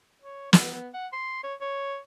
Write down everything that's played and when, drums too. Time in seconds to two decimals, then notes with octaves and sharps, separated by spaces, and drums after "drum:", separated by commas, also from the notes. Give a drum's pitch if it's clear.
0.22 C#5
0.53 B3, drum: snare
0.95 F#5
1.13 C6
1.44 C#5
1.61 C#5